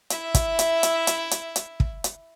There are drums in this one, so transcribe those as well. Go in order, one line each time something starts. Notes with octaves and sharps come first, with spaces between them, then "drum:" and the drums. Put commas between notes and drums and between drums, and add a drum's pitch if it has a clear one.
E4 E5, drum: hi-hat
drum: kick, hi-hat
drum: hi-hat
drum: hi-hat
drum: hi-hat
drum: hi-hat
drum: hi-hat
drum: kick
drum: hi-hat